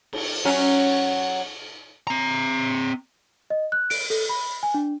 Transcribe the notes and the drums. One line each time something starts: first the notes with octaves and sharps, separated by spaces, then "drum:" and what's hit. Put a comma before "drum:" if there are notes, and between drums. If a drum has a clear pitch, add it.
drum: cymbal
F#3 C#4
C4 A#5
D#5
F#6
D7, drum: open hi-hat
A4, drum: open hi-hat
B5
G#5
D4